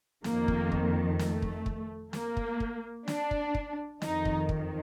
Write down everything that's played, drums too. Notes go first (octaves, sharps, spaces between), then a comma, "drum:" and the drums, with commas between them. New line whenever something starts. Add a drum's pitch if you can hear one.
F2 D#3 A#3, drum: snare
drum: kick
drum: kick
A3, drum: snare
drum: kick
drum: kick
A#3, drum: snare
drum: kick
drum: kick
D4, drum: snare
drum: kick
drum: kick
F2 D#3 D#4, drum: snare
drum: kick
drum: kick